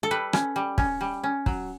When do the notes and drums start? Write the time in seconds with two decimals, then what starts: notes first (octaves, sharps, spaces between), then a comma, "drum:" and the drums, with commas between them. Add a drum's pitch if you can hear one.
0.03 A4
0.11 G3 B4
0.33 C#4, drum: rim click
0.56 G3
0.78 C#4, drum: kick
1.01 G3
1.24 C#4
1.46 F#3, drum: kick